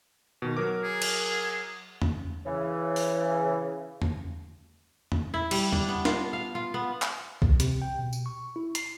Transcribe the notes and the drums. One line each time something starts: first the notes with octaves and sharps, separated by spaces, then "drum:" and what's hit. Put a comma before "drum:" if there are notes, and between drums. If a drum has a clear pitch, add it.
B2 D#3
F#3 A#4 D6
G#4
drum: cymbal
drum: tom E2
C#3 E3
drum: open hi-hat
drum: tom E2
drum: tom E2
E4
G3, drum: cymbal
D4, drum: tom E2
B3
F4, drum: snare
F5
F4
B3
drum: clap
C#2, drum: kick
C3, drum: hi-hat
G5
B2
drum: tambourine
C#6
E4
C7, drum: hi-hat